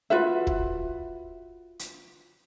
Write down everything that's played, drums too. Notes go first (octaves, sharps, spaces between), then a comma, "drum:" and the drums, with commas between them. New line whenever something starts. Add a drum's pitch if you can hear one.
F4 F#4 B4 E5
drum: kick
drum: hi-hat